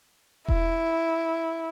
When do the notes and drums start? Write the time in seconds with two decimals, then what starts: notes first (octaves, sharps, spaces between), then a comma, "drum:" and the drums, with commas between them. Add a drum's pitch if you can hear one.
0.48 E4, drum: kick E1